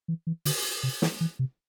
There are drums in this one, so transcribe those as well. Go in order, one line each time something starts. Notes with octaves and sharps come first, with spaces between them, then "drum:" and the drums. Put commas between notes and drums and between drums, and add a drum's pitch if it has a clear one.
E3
E3
D3, drum: open hi-hat
C3
E3, drum: snare
E3
C3